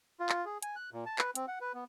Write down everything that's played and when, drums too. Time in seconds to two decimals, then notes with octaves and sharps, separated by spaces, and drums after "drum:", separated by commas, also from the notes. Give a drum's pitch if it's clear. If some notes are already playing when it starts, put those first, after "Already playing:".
0.20 F4
0.29 drum: clap
0.45 G#4
0.63 G#5, drum: hi-hat
0.76 F#6
0.92 A#2
1.06 A5
1.19 B4, drum: clap
1.35 C4, drum: hi-hat
1.48 F#5
1.61 B4
1.74 B3